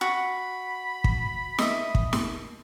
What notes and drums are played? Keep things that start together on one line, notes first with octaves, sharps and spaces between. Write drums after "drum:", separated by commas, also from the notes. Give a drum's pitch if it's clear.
F#4 B5
drum: kick
D#5 E5, drum: snare
drum: kick
drum: snare